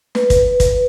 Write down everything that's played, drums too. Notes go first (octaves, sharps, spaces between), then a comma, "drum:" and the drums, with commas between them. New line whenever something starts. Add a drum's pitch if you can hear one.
B4, drum: snare
drum: kick, hi-hat
drum: kick, hi-hat